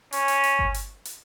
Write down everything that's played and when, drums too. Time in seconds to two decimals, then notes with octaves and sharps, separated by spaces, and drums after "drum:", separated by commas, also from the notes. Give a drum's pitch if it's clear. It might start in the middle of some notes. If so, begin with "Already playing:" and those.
0.13 C#4, drum: hi-hat
0.28 drum: hi-hat
0.44 drum: hi-hat
0.59 drum: kick G1
0.74 drum: hi-hat
1.05 drum: hi-hat